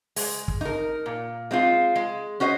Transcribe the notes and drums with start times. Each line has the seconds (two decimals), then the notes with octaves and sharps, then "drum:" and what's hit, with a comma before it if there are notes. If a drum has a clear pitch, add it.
0.16 G#3, drum: open hi-hat
0.48 drum: kick
0.61 D#4 A#4
1.06 A#2
1.51 G#3 C4 F4
1.96 G#3
2.40 C#4 F#4 C5 D#5